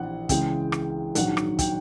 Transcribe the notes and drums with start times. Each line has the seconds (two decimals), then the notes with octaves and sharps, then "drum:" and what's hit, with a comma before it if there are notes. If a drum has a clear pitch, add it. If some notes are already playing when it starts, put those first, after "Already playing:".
Already playing: A#1 E3 F#5
0.29 C#2 C#3 E3 G#3 G5, drum: kick, hi-hat
0.72 drum: rim click
1.15 A#1 G#2 D#3 F#3 F#5, drum: hi-hat
1.37 drum: rim click
1.59 G5, drum: kick, hi-hat